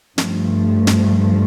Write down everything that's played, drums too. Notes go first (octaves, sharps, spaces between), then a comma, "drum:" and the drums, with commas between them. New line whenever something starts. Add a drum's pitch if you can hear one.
G2 F3 A3, drum: snare
drum: snare